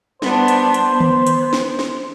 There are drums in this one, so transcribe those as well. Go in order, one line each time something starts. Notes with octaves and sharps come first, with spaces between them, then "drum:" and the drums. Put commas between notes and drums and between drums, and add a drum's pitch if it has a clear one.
G3 B3 D4 C5, drum: snare
drum: hi-hat
drum: hi-hat
B3
drum: tom D#3
drum: hi-hat
drum: snare
drum: snare